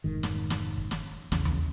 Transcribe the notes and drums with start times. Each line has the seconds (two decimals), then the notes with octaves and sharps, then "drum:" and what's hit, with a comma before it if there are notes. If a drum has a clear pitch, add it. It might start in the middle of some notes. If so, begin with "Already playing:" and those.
0.04 F1 G#2 D#3
0.23 drum: snare
0.50 drum: snare
0.77 drum: kick
0.91 drum: snare
1.32 A#1 E2 C#3, drum: snare
1.45 drum: tom D#2